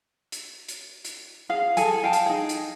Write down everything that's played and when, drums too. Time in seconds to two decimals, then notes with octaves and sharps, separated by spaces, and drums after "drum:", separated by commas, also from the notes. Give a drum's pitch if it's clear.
0.32 drum: hi-hat
0.69 drum: hi-hat
1.05 drum: hi-hat
1.49 G#4 F5
1.77 G#4 A4 G#5, drum: hi-hat
2.04 F5 G5 A5
2.13 drum: hi-hat
2.26 D#4 G#4
2.49 drum: hi-hat